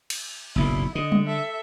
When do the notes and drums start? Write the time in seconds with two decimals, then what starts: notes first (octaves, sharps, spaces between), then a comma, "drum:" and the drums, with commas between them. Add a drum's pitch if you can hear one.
0.10 drum: cymbal
0.56 F#1 B1 A#2 E4
0.95 D3 D#5
1.12 drum: tom G3
1.26 A4 E5